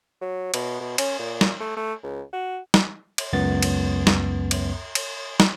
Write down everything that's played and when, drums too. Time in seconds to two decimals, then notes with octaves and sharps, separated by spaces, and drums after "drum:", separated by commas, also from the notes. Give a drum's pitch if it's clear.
0.21 F#3
0.54 B2, drum: cymbal
0.81 B2
0.98 C#4, drum: cymbal
1.19 A#2
1.41 drum: snare
1.60 A3
1.77 A3
2.03 C#2
2.33 F#4
2.74 drum: snare
3.18 drum: cymbal
3.33 C#2 F#2 B3 A6
3.63 drum: cymbal
4.07 drum: snare
4.51 drum: cymbal
4.95 drum: cymbal
5.40 drum: snare